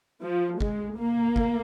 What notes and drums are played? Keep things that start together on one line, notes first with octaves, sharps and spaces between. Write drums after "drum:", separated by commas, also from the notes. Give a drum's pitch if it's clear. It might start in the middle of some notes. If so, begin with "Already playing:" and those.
F3
G#3, drum: kick G1
A#3
drum: kick G1